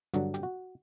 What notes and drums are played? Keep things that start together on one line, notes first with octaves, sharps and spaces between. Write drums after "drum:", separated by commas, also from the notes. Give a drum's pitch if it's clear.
G2 D3 F#3 F#4, drum: hi-hat
G4, drum: hi-hat
F#4